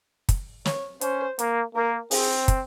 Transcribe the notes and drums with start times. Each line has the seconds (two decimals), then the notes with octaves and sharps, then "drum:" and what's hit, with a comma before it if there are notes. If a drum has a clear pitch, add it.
0.29 drum: kick, hi-hat
0.65 C#5, drum: snare
1.01 C#4 C5, drum: hi-hat
1.39 A#3, drum: hi-hat
1.75 A#3 A#4
2.11 C4 G#4, drum: open hi-hat
2.48 drum: kick, hi-hat